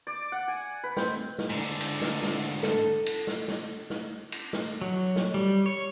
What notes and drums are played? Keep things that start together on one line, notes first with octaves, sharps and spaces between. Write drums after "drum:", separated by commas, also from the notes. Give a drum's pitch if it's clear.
D5
F#5
G#5
B4
C4, drum: snare
drum: snare
G#2 D3
drum: cymbal
drum: snare
drum: snare
A4, drum: snare
drum: cymbal
drum: snare
drum: snare
drum: snare
drum: cymbal
drum: snare
F#3
drum: snare
G3
C#5